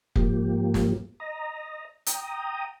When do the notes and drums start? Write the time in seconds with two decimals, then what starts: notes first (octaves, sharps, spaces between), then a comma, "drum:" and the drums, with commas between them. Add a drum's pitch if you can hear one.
0.16 G#2 F3 A#3 G4, drum: kick F1
0.74 drum: snare
1.20 D#5 A#5
2.06 G5 A#5 D#6, drum: hi-hat